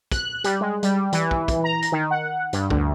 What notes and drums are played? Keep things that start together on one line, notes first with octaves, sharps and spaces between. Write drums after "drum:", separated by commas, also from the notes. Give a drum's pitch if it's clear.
F#6, drum: kick, hi-hat
G3, drum: hi-hat
G#3
G3, drum: hi-hat
E3, drum: hi-hat
drum: kick
drum: kick, hi-hat
A#5
drum: hi-hat
D#3
F#5
G2, drum: hi-hat
D2, drum: kick